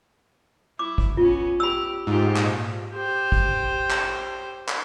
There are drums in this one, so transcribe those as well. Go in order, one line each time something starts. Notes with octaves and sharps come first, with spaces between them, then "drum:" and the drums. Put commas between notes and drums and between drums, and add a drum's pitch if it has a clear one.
E4 D6
drum: kick
B3 C#4 F4
G4 B5 E6
G#2 A3 F4 G4
A#2, drum: clap
G4 C5
drum: kick
drum: clap
drum: clap